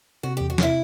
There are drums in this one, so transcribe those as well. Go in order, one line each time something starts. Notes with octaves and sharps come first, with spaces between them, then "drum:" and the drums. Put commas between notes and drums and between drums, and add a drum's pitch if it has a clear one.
C3 F#4
E2 G4
F#4
C3 E4, drum: snare